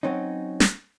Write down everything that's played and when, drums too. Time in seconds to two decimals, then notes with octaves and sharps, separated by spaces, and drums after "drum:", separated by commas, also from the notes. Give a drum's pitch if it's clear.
0.03 F#3 C4 C#4 D#4
0.60 drum: snare